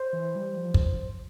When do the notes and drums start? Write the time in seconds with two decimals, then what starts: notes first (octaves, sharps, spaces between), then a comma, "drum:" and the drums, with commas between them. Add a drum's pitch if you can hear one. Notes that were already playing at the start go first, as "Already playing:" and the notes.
Already playing: C5
0.13 E3
0.35 G3
0.57 F3
0.74 drum: kick